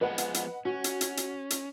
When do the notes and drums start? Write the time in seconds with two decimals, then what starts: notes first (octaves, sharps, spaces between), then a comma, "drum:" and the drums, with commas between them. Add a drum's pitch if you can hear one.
0.01 F3 G#3 B3 B4 D#5 F#5
0.18 drum: hi-hat
0.34 drum: hi-hat
0.65 C#4 F#4
0.84 drum: hi-hat
1.01 drum: hi-hat
1.17 drum: hi-hat
1.50 drum: hi-hat